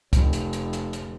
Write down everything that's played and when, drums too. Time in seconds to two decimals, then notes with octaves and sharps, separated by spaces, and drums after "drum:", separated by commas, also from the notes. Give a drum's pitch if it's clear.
0.13 F1, drum: kick, hi-hat
0.33 drum: hi-hat
0.53 drum: hi-hat
0.73 drum: hi-hat
0.93 drum: hi-hat